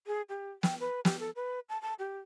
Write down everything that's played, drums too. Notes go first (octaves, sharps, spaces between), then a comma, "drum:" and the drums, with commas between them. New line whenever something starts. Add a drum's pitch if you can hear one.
G#4
G4
G5, drum: snare
B4
G4, drum: snare
A4
B4
A5
A5
G4